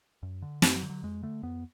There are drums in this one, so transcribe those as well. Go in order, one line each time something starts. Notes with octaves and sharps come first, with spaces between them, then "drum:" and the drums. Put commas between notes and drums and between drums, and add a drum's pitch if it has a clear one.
F#2
D3
F#2 A3, drum: snare
F#3
D3
F#3
F2 G#3
D3 A3
F2 B3